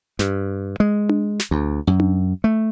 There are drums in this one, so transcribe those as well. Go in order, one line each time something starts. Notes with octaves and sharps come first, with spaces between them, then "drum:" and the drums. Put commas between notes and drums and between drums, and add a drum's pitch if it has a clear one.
G2, drum: snare
G#3
drum: tom D4
drum: snare
D2
F#2
drum: tom D4
A3